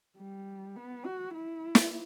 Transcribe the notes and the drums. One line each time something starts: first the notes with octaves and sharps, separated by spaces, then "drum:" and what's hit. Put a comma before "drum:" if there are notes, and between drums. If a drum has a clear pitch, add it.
G3
B3
F#4
E4
drum: snare